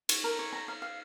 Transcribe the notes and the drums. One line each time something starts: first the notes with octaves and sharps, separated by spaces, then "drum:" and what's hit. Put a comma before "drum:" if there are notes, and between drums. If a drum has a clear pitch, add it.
C#5, drum: cymbal
A#4
C#5
A#5
F5
F5